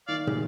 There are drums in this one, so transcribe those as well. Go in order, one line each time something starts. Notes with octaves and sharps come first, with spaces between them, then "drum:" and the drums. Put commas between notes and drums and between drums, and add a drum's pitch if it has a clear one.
D#3 D5 F5
drum: tom